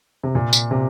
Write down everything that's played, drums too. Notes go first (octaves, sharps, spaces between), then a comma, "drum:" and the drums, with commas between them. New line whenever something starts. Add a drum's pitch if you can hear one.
C3
A#2
drum: tambourine
C3